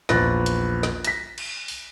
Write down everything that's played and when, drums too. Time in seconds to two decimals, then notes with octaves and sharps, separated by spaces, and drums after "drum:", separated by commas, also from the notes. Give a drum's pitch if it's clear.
0.09 A#1 E2 B4 F#6 A6 A#6, drum: snare
0.46 drum: hi-hat
0.83 drum: snare
1.05 A#6 B6, drum: hi-hat
1.38 drum: cymbal
1.68 drum: open hi-hat